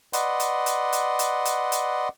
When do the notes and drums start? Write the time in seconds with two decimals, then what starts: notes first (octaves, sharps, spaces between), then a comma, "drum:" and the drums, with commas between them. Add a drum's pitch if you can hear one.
0.13 B4 D5 D#5 F#5 C6, drum: hi-hat
0.40 drum: hi-hat
0.66 drum: hi-hat
0.92 drum: hi-hat
1.19 drum: hi-hat
1.45 drum: hi-hat
1.72 drum: hi-hat